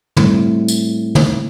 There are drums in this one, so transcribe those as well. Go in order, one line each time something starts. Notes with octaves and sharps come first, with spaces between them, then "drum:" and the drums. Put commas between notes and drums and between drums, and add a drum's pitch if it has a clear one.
A2 G3 C4, drum: tom
drum: tambourine
drum: tom